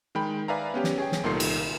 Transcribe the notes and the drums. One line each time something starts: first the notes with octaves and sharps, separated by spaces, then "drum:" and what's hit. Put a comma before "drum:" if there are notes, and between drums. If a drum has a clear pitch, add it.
D#3 G#3 G5 B5
B4 D5 E5 F5 G#5 A#5
B3 C#4 G4
drum: snare
G#4 C#5 G5
drum: snare
C2 A#2 D#3 A4 C6 C7
drum: cymbal